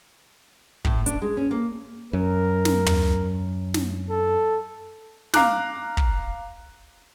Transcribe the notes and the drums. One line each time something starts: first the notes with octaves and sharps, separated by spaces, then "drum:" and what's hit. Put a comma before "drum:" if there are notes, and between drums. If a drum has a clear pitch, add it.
A2, drum: kick
D4, drum: hi-hat
G#3
C#4
A#3
F#2 A#4
drum: snare
drum: tom
drum: snare
A4
F5 A#5 D6 F#6, drum: snare
drum: kick